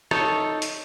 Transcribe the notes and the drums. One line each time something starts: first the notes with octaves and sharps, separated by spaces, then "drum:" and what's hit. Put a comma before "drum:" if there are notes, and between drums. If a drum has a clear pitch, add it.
D#4 A4 C#5, drum: rim click
drum: hi-hat